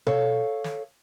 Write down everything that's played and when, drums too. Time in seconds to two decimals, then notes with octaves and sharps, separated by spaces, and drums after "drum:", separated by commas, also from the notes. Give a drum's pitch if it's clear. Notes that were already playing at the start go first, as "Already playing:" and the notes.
0.07 A4 C#5 F5, drum: tom B2
0.64 drum: snare